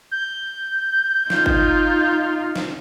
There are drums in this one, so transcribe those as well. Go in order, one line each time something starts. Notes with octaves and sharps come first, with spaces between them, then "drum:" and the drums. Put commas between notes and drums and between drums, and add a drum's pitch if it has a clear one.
G6
D#4 F4, drum: snare
drum: kick G1
drum: snare